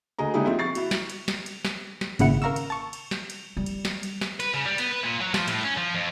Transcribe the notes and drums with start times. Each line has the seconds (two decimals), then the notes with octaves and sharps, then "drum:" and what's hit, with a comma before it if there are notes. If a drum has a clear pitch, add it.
0.18 D2 A3 G#4 D#5 A#5
0.34 D3 G#3 D#4 E4 G4 G#4
0.46 F3 C4 E5
0.59 C#6 A6 C7
0.75 E4 F#4, drum: cymbal
0.91 drum: snare
1.10 drum: cymbal
1.28 drum: snare
1.46 drum: cymbal
1.65 drum: snare
2.01 drum: snare
2.19 G#1 A#2 C#3 E4 F#5 C#7, drum: cymbal
2.42 A#4 F5 A#5 C#6 E6
2.56 drum: cymbal
2.70 A5 C#6
2.93 drum: cymbal
3.11 drum: snare
3.30 drum: cymbal
3.57 G3
3.66 drum: cymbal
3.85 drum: snare
4.03 drum: cymbal
4.21 drum: snare
4.40 B4, drum: cymbal
4.54 C#3
4.66 G3
4.78 B3, drum: cymbal
4.91 B4
5.04 A#2
5.21 F#3
5.34 F3, drum: snare
5.48 A2, drum: cymbal
5.64 C#4
5.77 F3
5.95 F2